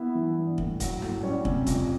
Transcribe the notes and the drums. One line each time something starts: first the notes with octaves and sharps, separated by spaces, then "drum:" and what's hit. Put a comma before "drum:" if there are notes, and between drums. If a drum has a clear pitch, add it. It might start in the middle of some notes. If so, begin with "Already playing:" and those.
Already playing: B3 E4 E5
E3
G2
A2, drum: kick
F#3, drum: kick, hi-hat
A2, drum: snare
G3 C#4 C#5
C3, drum: kick
F2, drum: kick, hi-hat